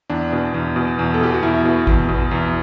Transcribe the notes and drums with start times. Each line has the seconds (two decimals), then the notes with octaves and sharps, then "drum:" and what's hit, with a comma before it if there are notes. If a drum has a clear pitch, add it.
0.10 E2 D4
0.32 B2
0.54 E2
0.76 B2
0.99 E2
1.14 A4
1.21 B2 G4
1.34 F#4
1.42 E2 E4
1.65 B2
1.87 E2, drum: kick G#1
2.09 B2
2.31 E2